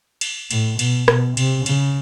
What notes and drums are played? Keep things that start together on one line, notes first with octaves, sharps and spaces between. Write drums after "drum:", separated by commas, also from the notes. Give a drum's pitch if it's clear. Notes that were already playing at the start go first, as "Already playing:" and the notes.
drum: cymbal
A2, drum: cymbal
B2, drum: cymbal
B2, drum: rim click
C3, drum: cymbal
C#3, drum: cymbal